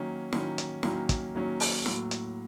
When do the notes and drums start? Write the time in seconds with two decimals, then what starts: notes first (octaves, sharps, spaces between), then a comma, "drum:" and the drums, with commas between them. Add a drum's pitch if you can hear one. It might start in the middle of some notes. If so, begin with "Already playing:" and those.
Already playing: D#3 F#3 A#3 C#4
0.33 D#3 F#3 A#3 C#4, drum: snare
0.58 drum: hi-hat
0.83 D#3 F#3 A#3 C#4, drum: snare
1.09 drum: kick, hi-hat
1.35 D#3 F#3 A#3 C#4
1.60 drum: open hi-hat
1.86 A2 F#3 A#3, drum: snare
2.11 drum: hi-hat